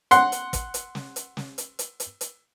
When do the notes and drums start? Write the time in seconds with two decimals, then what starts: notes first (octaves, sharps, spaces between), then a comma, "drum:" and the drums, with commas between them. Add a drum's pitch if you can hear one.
0.11 F#5 C6, drum: hi-hat
0.32 drum: hi-hat
0.53 drum: kick, hi-hat
0.74 drum: hi-hat
0.95 drum: snare
1.16 drum: hi-hat
1.37 drum: snare
1.58 drum: hi-hat
1.79 drum: hi-hat
2.00 drum: hi-hat
2.21 drum: hi-hat